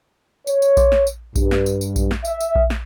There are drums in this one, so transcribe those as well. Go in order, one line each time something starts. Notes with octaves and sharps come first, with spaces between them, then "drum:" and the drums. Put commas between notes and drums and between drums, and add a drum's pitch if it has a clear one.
C#5, drum: tambourine
drum: tambourine
drum: kick A#1, tambourine
drum: snare
drum: tambourine
G2, drum: kick A#1, tambourine
drum: snare
drum: tambourine
drum: tambourine
drum: kick A#1, tambourine
drum: snare
E5, drum: tambourine
drum: tambourine
drum: kick A#1
drum: snare